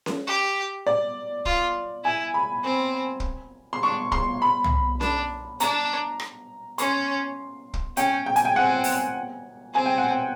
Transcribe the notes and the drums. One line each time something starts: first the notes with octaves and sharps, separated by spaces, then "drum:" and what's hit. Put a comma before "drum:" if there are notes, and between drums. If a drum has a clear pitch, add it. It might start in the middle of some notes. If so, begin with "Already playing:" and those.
drum: snare C#4
G4
D5
F4, drum: kick
E4 G#5
B5
C4
drum: kick
C6
D4 C#6
C6, drum: kick
B5
drum: tom C2
D4, drum: snare C#4
D4 A#5, drum: hi-hat
drum: rim click
C#4 C6, drum: hi-hat
drum: kick
C#4 G5, drum: hi-hat
G5
G#5, drum: hi-hat
G5
C4 F#5
drum: open hi-hat
C4 G#5
G5
F#5
G5